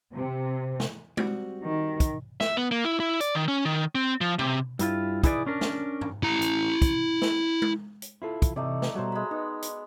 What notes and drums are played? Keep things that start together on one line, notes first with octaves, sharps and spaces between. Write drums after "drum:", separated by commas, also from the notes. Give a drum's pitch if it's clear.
C3
drum: snare
G3 C4 F#4, drum: tom G#3
D#3
drum: kick, hi-hat
E5, drum: snare
B3
A#3
E4
E4
D5, drum: hi-hat
D#3
C#4
D#3
C4
F3
C3, drum: tom B2
G2 E4 F4, drum: hi-hat
D#4 E4 G#4 B4 C#5 D5, drum: kick, hi-hat
C#4 D4 A#4
drum: snare
drum: tom G2
E4 A#5
drum: hi-hat
drum: kick, hi-hat
drum: snare
drum: tom G#3
drum: hi-hat
E4 F4 A4
drum: kick, hi-hat
C3 E3 A3 D#4 D5 D#5
drum: snare
B2 F#3 G3 C5
G#3 B5
B3 D#4
drum: hi-hat